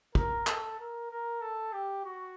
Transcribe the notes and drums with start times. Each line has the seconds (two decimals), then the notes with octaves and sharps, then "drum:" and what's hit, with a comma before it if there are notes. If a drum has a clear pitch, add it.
0.15 A#4, drum: kick
0.47 A4, drum: clap
0.79 A#4
1.11 A#4
1.42 A4
1.73 G4
2.05 F#4